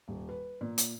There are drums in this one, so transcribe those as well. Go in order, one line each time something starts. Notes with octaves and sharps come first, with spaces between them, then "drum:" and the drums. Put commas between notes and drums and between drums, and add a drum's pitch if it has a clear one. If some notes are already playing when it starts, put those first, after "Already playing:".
D#1
B4
A#2
drum: hi-hat